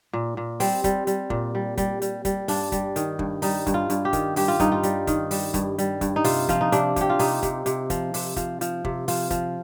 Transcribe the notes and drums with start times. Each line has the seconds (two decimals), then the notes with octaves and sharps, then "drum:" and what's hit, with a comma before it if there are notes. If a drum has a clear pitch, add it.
0.13 A#2
0.37 A#2
0.60 G3 C4, drum: open hi-hat
0.84 G3, drum: kick, hi-hat
1.07 G3, drum: hi-hat
1.30 A#2, drum: kick
1.55 G3
1.77 G3, drum: kick, hi-hat
2.02 G3, drum: hi-hat
2.25 G3, drum: kick, hi-hat
2.48 G2 D4, drum: open hi-hat
2.72 G3, drum: kick, hi-hat
2.96 D#3, drum: hi-hat
3.19 G2, drum: kick
3.42 G3 D#4, drum: open hi-hat
3.67 G2, drum: kick, hi-hat
3.74 F4
3.90 G2, drum: hi-hat
4.05 G4
4.13 D#3, drum: kick, hi-hat
4.36 G2 G4, drum: open hi-hat
4.48 F4
4.60 G2 D#4, drum: kick, hi-hat
4.72 F4
4.83 G3, drum: hi-hat
5.07 D#3, drum: kick, hi-hat
5.31 G3, drum: open hi-hat
5.54 G2, drum: kick, hi-hat
5.78 G3, drum: hi-hat
6.01 G2, drum: kick, hi-hat
6.16 D#4
6.24 C3 F4, drum: open hi-hat
6.49 F3 F4, drum: kick, hi-hat
6.61 D#4
6.72 C3 D4, drum: hi-hat
6.96 C3 G4, drum: kick, hi-hat
7.10 F4
7.19 C3 D#4, drum: open hi-hat
7.43 C3, drum: kick, hi-hat
7.66 C3, drum: hi-hat
7.90 F3, drum: kick, hi-hat
8.14 C3, drum: open hi-hat
8.36 F3, drum: kick, hi-hat
8.61 F3, drum: hi-hat
8.85 C3, drum: kick
9.08 F3 F4, drum: open hi-hat
9.31 F3, drum: kick, hi-hat